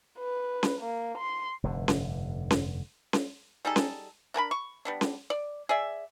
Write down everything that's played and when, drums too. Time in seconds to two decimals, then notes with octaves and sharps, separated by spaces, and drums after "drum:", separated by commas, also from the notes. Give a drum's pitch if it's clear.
0.18 B4
0.63 drum: snare C#4
0.81 A#3
1.18 C6
1.63 F1 G2 D3
1.88 drum: snare C#4
2.51 drum: snare C#4
3.13 drum: snare C#4
3.65 G3 D#4 G#4 A4
3.76 drum: snare C#4
4.34 D4 A#4 G#5 B5
4.51 C#6
4.85 G3 B3 D4
5.01 drum: snare C#4
5.30 D5
5.69 G#4 D5 E5